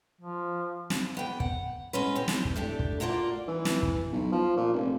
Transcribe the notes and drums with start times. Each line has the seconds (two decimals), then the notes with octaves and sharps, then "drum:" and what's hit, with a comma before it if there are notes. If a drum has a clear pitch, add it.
0.21 F3
0.90 drum: snare
1.15 E2 B3 G5
1.40 F#5, drum: kick
1.93 G#3 B3 C#4 B4
2.16 E2 G4
2.28 drum: snare
2.45 drum: kick
2.56 A3 D4 G4
2.79 drum: kick
3.00 A3 A#3 F4 F#4 D5
3.48 E3
3.65 drum: snare
3.82 drum: kick
4.12 B1
4.32 F3
4.57 A#2
4.73 F1